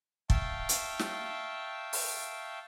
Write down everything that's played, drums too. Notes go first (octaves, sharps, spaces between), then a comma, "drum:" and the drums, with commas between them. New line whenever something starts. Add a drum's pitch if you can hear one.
E5 F5 G5 A5 C#6, drum: kick
drum: hi-hat
drum: snare
drum: open hi-hat